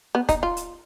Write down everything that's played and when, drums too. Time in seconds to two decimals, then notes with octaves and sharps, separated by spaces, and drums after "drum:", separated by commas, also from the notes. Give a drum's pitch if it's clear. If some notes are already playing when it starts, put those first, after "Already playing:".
0.15 B3
0.29 D#4, drum: kick, hi-hat
0.43 F4
0.57 drum: hi-hat